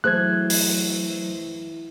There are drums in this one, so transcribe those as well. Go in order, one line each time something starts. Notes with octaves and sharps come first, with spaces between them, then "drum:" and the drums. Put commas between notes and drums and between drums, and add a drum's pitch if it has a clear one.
E3 F#3 A3 G#4 C5 F#6 G#6
drum: open hi-hat